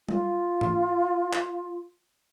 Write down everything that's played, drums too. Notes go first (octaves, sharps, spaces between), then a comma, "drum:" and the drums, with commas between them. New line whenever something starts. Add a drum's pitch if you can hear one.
F4, drum: tom G3
drum: tom G#2
drum: clap